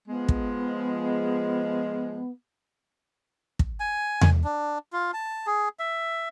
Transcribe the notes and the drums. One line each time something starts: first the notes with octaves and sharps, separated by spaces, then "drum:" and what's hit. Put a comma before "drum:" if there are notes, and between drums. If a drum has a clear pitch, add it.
F3 G#3 B3
drum: kick
drum: kick
G#5
drum: tom E2
D4
F4
A5
G#4
E5